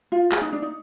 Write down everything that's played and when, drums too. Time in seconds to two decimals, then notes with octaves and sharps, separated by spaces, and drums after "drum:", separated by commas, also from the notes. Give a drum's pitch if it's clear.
0.12 F4
0.32 G#4, drum: clap
0.42 D#4
0.53 D4
0.62 D#4